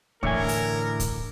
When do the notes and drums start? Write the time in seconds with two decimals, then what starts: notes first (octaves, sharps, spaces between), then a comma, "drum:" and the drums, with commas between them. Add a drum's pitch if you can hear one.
0.23 A2 D3 E3 A#4 C#5 E5 G#5, drum: kick
0.48 drum: open hi-hat
1.00 drum: kick, hi-hat